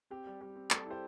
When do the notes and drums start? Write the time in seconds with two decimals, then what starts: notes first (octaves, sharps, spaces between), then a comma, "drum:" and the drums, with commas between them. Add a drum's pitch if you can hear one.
0.10 C4 G4
0.26 G3
0.41 G3 G4
0.56 C4
0.70 G3 A4, drum: clap
0.86 E4 G4 C5